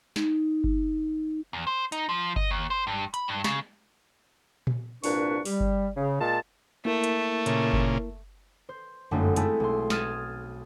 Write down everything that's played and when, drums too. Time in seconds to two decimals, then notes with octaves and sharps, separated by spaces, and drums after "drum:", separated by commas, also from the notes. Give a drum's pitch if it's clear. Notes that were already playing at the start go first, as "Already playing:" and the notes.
0.16 D#4, drum: snare
0.64 drum: kick G1
1.53 E2
1.67 C5
1.92 D#4, drum: hi-hat
2.09 F3
2.36 D#5, drum: kick G1
2.51 D#2
2.70 C5
2.87 G2
3.14 B5, drum: hi-hat
3.28 G2
3.44 C#3, drum: snare
4.67 drum: tom A#2
5.04 C2 A#2 D4 B4 C#6, drum: open hi-hat
5.45 G3, drum: open hi-hat
5.60 drum: kick G1
5.96 C#3
6.21 A#2 G#3 A5
6.85 A3 A#3 E4 A#4
7.04 drum: hi-hat
7.46 A#2 C#3, drum: hi-hat
7.73 drum: kick G1
8.69 C5
9.11 G1 F#2 A3 A#3 D#4
9.36 G#3 A3 C4 E4 G#4 A4, drum: hi-hat
9.60 B1 C6
9.90 D#6 F6 G#6 A6 D#7 E7, drum: snare